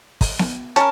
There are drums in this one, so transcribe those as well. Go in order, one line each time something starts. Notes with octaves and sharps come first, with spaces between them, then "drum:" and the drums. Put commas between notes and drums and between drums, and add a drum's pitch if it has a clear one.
drum: kick, open hi-hat
drum: snare B3
C#4 A#4 A5, drum: hi-hat